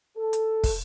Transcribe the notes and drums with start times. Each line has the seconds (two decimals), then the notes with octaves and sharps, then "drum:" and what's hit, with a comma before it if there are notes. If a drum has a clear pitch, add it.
0.18 A4
0.33 drum: hi-hat
0.64 drum: kick, open hi-hat